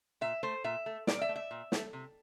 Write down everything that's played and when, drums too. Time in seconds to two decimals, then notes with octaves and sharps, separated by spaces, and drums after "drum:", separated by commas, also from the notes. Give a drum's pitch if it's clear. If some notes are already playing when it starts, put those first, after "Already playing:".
0.21 A#2 E5
0.43 A3 C5
0.64 A#2 E5
0.86 A3
1.07 A#2 D5, drum: snare
1.21 E5
1.29 A3
1.36 E5
1.51 A#2
1.72 A3, drum: snare
1.93 C3